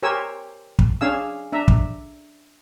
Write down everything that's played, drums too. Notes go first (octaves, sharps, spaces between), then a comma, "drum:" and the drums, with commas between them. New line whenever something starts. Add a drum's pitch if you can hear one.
G4 A#4 C5 C#5 G#5 E6
drum: kick
C#4 D4 G#4 F5 G#5 E6
D4 E5 A#5
drum: kick